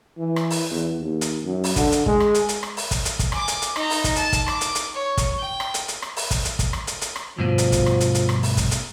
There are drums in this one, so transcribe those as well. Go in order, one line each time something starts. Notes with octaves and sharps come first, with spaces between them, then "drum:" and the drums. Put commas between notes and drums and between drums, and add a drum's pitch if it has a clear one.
E3
drum: rim click
drum: open hi-hat
E2
D#2
drum: hi-hat
F#2
drum: open hi-hat
D3, drum: kick, hi-hat
drum: hi-hat
G#3, drum: kick
drum: rim click
drum: hi-hat
drum: hi-hat
drum: rim click
drum: open hi-hat
drum: kick, hi-hat
drum: hi-hat
drum: kick, hi-hat
G#5 D6, drum: rim click
drum: hi-hat
drum: hi-hat
D#4 A#5, drum: rim click
drum: open hi-hat
drum: kick, hi-hat
A5, drum: hi-hat
drum: kick, hi-hat
D6, drum: rim click
drum: hi-hat
drum: hi-hat
C#5
drum: kick, hi-hat
G5
drum: rim click
drum: hi-hat
drum: hi-hat
drum: rim click
drum: open hi-hat
drum: kick, hi-hat
drum: hi-hat
drum: kick, hi-hat
drum: rim click
drum: hi-hat
drum: hi-hat
drum: rim click
D2 G2 B2 F3
drum: hi-hat
drum: kick, hi-hat
drum: rim click
drum: hi-hat
drum: hi-hat
drum: rim click
drum: open hi-hat
drum: kick, hi-hat
drum: hi-hat